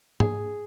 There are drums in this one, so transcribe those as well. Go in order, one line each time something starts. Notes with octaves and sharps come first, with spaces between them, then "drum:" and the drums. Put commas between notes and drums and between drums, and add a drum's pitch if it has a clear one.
G#4, drum: tom G#2